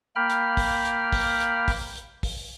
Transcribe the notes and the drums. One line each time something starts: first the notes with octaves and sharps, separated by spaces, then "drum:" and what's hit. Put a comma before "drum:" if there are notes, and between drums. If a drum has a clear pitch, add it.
A#3 G5 B5 F6
drum: hi-hat
drum: kick, open hi-hat
drum: hi-hat
drum: kick, open hi-hat
drum: hi-hat
drum: kick, open hi-hat
drum: hi-hat
drum: kick, open hi-hat